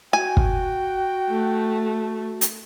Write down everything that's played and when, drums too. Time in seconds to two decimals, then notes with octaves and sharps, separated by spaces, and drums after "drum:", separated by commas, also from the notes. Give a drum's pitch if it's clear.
0.13 F#4 G5 G#5
0.37 drum: kick
1.29 A3
2.41 drum: hi-hat